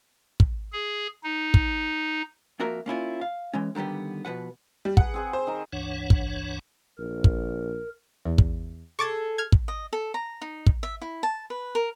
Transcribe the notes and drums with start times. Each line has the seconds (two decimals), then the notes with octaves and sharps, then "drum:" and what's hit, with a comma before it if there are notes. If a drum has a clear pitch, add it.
0.40 drum: kick
0.72 G#4
1.24 D#4
1.54 drum: kick
2.60 F2 A#3 F#4 A#4 E5
2.86 A#3 C#4 E4 F4
3.21 F5
3.53 E3 G#3 C#4
3.75 D3 D#3 G3 B3 G4
4.25 B2 F3 B4 F#5
4.85 G3
4.97 G#4 B4 F#5, drum: kick
5.14 C4 G#4 C6
5.33 C5
5.47 D#3 A#5
5.73 C#2 G2 E3 D4 C#5 F#5
6.10 drum: kick
6.99 A#1 A#4
7.24 drum: kick
8.25 E2
8.38 drum: kick
8.99 G#4 A4 C#6 D6 A6
9.38 F6 G#6
9.52 drum: kick
9.68 D#5
9.93 A4
10.14 A#5
10.42 D#4
10.66 drum: kick
10.83 E5
11.02 E4
11.23 A5
11.50 B4
11.75 A#4